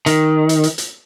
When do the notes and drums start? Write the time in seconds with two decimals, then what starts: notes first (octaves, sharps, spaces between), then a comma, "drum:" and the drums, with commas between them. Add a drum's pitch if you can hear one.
0.06 D#3, drum: hi-hat
0.49 drum: hi-hat
0.63 drum: hi-hat
0.78 drum: hi-hat